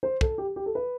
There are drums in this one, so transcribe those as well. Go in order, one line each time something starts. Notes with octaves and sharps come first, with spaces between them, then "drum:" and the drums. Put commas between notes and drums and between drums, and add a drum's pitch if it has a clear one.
C5
A4, drum: kick
G4
G4
A4
B4